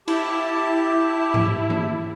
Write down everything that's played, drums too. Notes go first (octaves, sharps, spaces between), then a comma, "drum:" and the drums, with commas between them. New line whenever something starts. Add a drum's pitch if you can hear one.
E4 G4 A5, drum: cymbal
drum: tom G#2
drum: tom